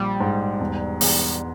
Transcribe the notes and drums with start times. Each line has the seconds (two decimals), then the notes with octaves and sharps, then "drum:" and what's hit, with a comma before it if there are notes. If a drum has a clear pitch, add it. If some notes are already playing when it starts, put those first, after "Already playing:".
Already playing: A#1 G3
0.20 G#2
0.61 E1
1.01 E2, drum: open hi-hat